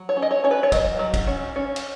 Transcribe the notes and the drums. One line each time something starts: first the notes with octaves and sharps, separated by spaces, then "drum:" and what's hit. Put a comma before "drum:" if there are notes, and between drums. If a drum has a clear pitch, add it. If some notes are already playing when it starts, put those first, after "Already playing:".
Already playing: F#3
C#5
C#4
D#5
C#5
C#4 C#5
B4
C#5
F#3 D#5, drum: kick, cymbal
F#3
drum: kick, cymbal
C#4
C#4
drum: cymbal